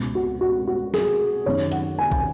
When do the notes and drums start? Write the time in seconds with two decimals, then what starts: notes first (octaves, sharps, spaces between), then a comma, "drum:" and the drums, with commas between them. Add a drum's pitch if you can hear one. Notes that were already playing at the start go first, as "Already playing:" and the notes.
Already playing: C#2 B2
0.15 F#4
0.41 F#4
0.67 F#4
0.94 G#4, drum: snare
1.46 F#2 D#3 C#5
1.72 F#5, drum: hi-hat
1.99 G#5
2.11 drum: kick